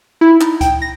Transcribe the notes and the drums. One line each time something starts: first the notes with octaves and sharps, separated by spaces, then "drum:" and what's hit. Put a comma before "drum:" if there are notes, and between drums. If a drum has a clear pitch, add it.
E4
D#4, drum: clap
G5, drum: kick C#2, hi-hat
A#6